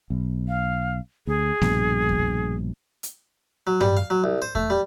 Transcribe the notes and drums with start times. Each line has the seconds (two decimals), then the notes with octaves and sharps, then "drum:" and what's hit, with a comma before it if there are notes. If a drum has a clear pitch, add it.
0.10 B1
0.48 F5
1.27 D2 G#4
1.62 A#1 G2 B2, drum: snare A3
2.09 drum: kick E2
3.03 drum: hi-hat
3.67 F#3
3.81 G3, drum: tom G2
3.97 F5
4.10 F#3
4.24 C2
4.42 C5
4.55 A3, drum: kick E2
4.70 G3